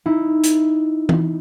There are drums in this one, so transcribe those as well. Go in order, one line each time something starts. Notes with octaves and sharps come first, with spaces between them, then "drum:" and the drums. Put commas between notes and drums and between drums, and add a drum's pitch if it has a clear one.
D#4 E4
drum: hi-hat
drum: tom E3